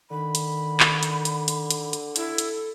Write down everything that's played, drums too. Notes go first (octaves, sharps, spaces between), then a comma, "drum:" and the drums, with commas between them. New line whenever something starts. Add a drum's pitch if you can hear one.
D3 D#3 B5
drum: hi-hat
drum: clap
drum: hi-hat
drum: hi-hat
drum: hi-hat
drum: hi-hat
drum: hi-hat
E4 A4, drum: hi-hat
drum: hi-hat